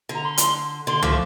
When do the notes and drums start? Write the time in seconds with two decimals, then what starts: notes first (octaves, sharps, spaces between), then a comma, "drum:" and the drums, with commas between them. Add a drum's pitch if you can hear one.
0.09 D3
0.15 A#5
0.25 C6
0.37 drum: hi-hat
0.87 D3 C6
1.03 F3 A3 D6, drum: tom